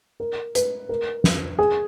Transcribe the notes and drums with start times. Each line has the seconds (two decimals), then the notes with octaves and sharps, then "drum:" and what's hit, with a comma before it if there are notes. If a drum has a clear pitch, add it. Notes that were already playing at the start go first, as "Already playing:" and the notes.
0.20 A#4
0.55 B4, drum: hi-hat
0.89 A#4
1.24 drum: snare
1.59 G#4